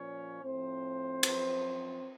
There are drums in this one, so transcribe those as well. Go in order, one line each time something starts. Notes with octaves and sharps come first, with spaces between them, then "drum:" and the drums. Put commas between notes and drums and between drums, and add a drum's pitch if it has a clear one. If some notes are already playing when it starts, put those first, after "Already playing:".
Already playing: A#2 F3 C#4 C#5
A2 F3 C4 C5
F#2 F3, drum: cymbal